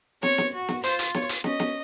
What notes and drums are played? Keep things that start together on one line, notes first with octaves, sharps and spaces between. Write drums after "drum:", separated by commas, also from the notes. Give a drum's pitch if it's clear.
C4 C#5, drum: snare
drum: snare
F#4
drum: snare
F4 C5, drum: hi-hat
drum: hi-hat
C#5, drum: snare
drum: hi-hat
C#4 D#5, drum: snare
drum: snare